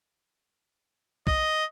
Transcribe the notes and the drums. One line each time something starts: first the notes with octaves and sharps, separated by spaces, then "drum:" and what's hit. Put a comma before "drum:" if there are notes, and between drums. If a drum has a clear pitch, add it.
D#5, drum: kick